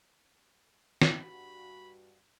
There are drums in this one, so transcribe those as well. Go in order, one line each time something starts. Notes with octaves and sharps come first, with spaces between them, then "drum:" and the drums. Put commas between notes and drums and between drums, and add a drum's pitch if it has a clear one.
drum: snare
G2 F#4 B5